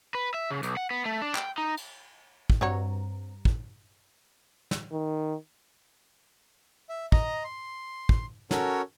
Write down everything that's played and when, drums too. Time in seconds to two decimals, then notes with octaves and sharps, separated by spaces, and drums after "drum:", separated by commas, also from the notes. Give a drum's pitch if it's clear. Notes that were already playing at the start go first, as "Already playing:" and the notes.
0.15 B4
0.34 E5
0.50 C#3
0.63 B1, drum: hi-hat
0.77 F#5
0.91 B3
1.05 A3
1.22 D4
1.35 G5, drum: clap
1.58 D#4
1.77 drum: cymbal
2.50 drum: kick
2.61 G2 C4 F#4 C#5 A#5
3.45 drum: kick
4.71 drum: snare
4.92 D#3
6.89 E5
7.12 D#5 A#5, drum: kick
7.44 C6
8.09 drum: kick
8.51 C#4 F#4 A4 A#4 C#5, drum: snare